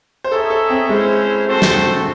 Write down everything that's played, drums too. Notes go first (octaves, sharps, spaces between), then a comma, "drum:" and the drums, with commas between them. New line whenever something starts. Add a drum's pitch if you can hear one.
C5
D#4 G#4 A4 C#5 E5
A4
C4
G#3 C#4 E4 C5
A3 C4 F#4 A4 C5
drum: snare